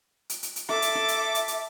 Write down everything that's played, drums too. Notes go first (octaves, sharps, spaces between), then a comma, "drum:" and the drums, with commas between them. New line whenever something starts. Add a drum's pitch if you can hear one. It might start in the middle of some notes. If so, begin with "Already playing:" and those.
drum: hi-hat
drum: hi-hat
drum: hi-hat
A4 E5 D6, drum: rim click
drum: hi-hat
drum: rim click
drum: hi-hat
drum: hi-hat
drum: hi-hat